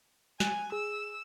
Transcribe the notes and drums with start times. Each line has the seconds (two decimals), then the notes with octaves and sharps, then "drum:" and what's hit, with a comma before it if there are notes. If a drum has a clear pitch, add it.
0.40 G#5 F#6, drum: snare
0.72 G#4 E6